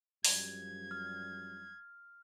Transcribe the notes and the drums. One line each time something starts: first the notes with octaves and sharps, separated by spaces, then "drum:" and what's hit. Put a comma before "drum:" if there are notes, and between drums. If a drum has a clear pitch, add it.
F#2 F3 G3 G#6, drum: open hi-hat
F6